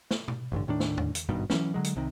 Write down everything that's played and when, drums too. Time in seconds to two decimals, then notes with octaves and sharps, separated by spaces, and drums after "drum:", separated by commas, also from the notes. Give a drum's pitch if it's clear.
0.11 drum: snare
0.28 drum: tom B2
0.52 A1 G2 D3
0.67 D#2 A2 D#3 D4
0.80 drum: snare
0.98 drum: tom E2
1.15 drum: hi-hat
1.29 G#1 G2 B2 D#3
1.50 E3 F#3 C#4, drum: snare
1.74 D3 F#3 G#3
1.84 drum: hi-hat
1.96 C2 C3 D#3